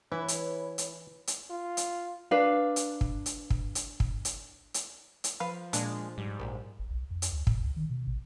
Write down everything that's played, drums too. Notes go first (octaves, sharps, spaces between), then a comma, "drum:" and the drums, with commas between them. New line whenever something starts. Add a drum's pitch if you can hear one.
E3 E4 B4 C#5
drum: hi-hat
drum: hi-hat
drum: hi-hat
F4
drum: hi-hat
D4 B4 F5
drum: hi-hat
drum: kick
drum: hi-hat
drum: kick
drum: hi-hat
drum: kick
drum: hi-hat
drum: hi-hat
drum: hi-hat
F3 B4 F5
A#2 G#3 D4, drum: hi-hat
G#2 G3
A#1
G1
B1
F2
drum: hi-hat
D2
A2, drum: kick
C#2
D#3
B2
A1